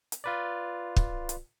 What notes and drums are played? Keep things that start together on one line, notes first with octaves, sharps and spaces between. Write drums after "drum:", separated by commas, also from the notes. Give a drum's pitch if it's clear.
drum: hi-hat
F4 B4 D5
drum: kick
drum: hi-hat